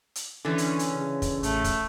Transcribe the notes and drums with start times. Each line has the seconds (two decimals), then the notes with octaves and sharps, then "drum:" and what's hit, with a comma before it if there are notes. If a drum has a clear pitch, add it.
0.15 drum: hi-hat
0.45 D3 E3 C#4
0.58 drum: hi-hat
0.79 drum: hi-hat
0.92 C#3
1.22 drum: kick, hi-hat
1.43 A1 A3, drum: hi-hat
1.64 drum: kick, hi-hat